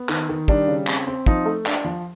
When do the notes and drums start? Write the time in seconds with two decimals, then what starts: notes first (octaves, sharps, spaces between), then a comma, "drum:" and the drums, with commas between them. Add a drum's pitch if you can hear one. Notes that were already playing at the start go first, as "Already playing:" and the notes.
Already playing: B3
0.09 D#3, drum: clap
0.29 D#3
0.48 G3 D4, drum: kick
0.67 C#3
0.87 C4, drum: clap
1.07 C4
1.26 F3 D#4, drum: kick
1.45 A3
1.66 D4, drum: clap
1.85 F3